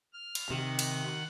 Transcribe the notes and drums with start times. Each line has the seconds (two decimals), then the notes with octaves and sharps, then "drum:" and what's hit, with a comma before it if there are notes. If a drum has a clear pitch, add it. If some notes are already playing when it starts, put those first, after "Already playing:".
0.13 F6
0.35 drum: cymbal
0.50 C3 D#3 F#5
0.79 drum: cymbal